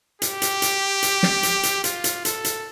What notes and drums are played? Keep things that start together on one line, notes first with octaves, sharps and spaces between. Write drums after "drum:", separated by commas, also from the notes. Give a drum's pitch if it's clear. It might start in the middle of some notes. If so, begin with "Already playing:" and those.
G4, drum: hi-hat
drum: hi-hat
drum: hi-hat
drum: hi-hat
drum: snare
drum: hi-hat
drum: hi-hat
F4, drum: hi-hat
drum: hi-hat
A4, drum: hi-hat
drum: hi-hat